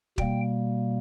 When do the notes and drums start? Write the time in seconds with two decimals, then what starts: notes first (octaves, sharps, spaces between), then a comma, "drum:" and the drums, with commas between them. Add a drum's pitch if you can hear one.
0.18 B2 G3 A#3 G5, drum: kick